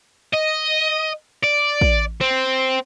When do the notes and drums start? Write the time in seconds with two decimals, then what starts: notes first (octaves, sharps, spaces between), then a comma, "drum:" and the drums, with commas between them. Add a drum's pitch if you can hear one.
0.34 D#5
1.44 D5
1.81 drum: kick
2.21 C4